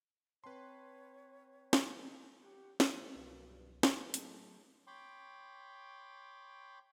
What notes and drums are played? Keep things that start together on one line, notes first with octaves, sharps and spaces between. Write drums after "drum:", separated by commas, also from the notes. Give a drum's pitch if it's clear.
C4 B4 C#5 G5 A5 C6
drum: snare
G4 F#5 C#6
A#2 E3 C5, drum: snare
C2 B2 F3 F#3 A#3 F#4 B4
G2
A#3 D#4 G4 B4, drum: snare
A2 F#3 A3 G#4 A5, drum: hi-hat
C#5 G5 B5 C6 D6